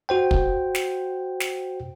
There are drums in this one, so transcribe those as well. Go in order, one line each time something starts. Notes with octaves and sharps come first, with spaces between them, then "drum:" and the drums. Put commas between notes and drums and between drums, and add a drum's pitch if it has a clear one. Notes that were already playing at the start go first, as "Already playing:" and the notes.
F#4 C5 G5
drum: kick
drum: snare
drum: snare